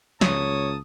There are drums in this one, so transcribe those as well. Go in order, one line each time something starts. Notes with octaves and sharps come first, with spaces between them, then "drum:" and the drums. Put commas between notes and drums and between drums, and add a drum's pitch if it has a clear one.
C#2 A#3 C#5 A5 D#6, drum: snare